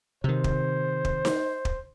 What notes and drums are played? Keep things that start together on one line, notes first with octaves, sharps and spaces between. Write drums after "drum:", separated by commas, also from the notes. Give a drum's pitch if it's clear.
C3 D#3 C5
drum: kick
drum: kick
drum: snare D#4
drum: kick